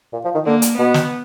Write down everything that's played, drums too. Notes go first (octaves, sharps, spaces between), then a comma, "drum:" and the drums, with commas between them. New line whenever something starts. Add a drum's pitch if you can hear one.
A#2
F3
D#3
D3 A#3
drum: hi-hat
B2 B3
drum: snare